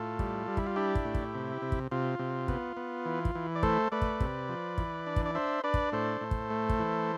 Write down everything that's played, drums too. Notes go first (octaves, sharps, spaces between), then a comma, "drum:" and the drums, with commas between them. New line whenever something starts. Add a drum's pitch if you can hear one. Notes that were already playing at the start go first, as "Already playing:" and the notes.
Already playing: A2 F4 A4
G3, drum: kick
G3
E4, drum: kick
F4
D4 E4 G4
drum: kick
A2
drum: kick
C3
C3
drum: kick
C3 F4
C3
B3, drum: kick
B3
E3
drum: kick
E3
D5
A3 A4 C5, drum: kick
A3 B4 D5
drum: kick
C3, drum: kick
F3
E3, drum: kick
D4
drum: kick
D5
D4 C5 E5
D4 B4 D5
drum: kick
A2 A4 C5
A2
drum: kick
A3
drum: kick
E3